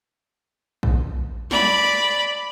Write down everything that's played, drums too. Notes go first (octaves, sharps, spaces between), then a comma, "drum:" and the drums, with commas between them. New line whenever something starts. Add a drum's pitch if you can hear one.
drum: kick
D5 B5, drum: snare